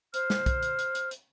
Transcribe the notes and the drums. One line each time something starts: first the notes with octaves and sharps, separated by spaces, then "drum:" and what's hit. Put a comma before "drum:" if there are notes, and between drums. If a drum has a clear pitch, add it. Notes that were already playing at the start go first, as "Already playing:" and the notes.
C5 F6, drum: hi-hat
drum: snare
drum: kick, hi-hat
drum: hi-hat
drum: hi-hat
drum: hi-hat
drum: hi-hat